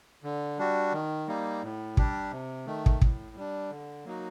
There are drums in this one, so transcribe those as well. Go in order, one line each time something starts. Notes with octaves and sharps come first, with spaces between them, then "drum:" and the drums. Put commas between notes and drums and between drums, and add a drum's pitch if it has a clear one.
D3
G3 D4 F#4
D#3
G3 A#3 D#4
A2
G3 D4 G4, drum: kick
C3
D#3 A3
drum: kick
A2, drum: kick
G3 D4
D3
F#3 A#3 D#4 F#4